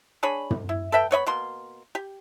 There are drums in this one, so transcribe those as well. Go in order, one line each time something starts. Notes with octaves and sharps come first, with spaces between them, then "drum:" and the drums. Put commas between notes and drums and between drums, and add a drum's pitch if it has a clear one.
D4 G#4 C#5 B5
drum: tom
E4
A4 B4 E5 G5
B3 C#5 D#5 B5
B2 A#3 C6
G4